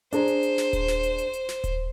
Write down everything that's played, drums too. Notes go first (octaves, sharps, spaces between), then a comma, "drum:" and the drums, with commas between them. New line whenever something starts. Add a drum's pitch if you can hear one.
D4 G#4 C5 A#5, drum: hi-hat
drum: hi-hat
drum: hi-hat
drum: snare
drum: kick D#1, hi-hat
drum: snare
drum: hi-hat
drum: hi-hat
drum: hi-hat
drum: snare
drum: kick D#1, hi-hat